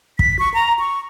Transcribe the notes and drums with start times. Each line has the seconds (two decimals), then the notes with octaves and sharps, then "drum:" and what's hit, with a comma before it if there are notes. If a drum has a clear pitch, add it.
0.19 B6, drum: kick
0.39 C#6
0.54 A#5
0.79 C#6